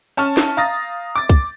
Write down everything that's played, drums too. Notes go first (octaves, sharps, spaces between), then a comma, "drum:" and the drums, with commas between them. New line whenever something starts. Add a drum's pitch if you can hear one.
C#4 A5 C#6 F6
drum: snare
F5 A#5 D#6 A6 A#6
D6 A6
drum: kick